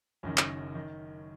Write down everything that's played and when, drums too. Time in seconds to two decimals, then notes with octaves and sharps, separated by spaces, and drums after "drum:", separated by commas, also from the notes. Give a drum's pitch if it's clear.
0.23 F#1 F#2 D#3 C#4
0.38 drum: clap
0.75 D#3